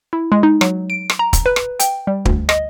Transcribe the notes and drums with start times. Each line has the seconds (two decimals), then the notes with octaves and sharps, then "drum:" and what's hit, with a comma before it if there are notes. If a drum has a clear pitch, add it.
0.13 E4
0.32 G#3
0.43 D#4
0.61 F#3, drum: rim click
0.90 D7
1.10 drum: rim click
1.19 A#5
1.33 drum: kick, hi-hat
1.46 B4
1.56 drum: rim click
1.80 G5, drum: hi-hat
2.07 G3
2.25 D2, drum: kick
2.49 D#5, drum: rim click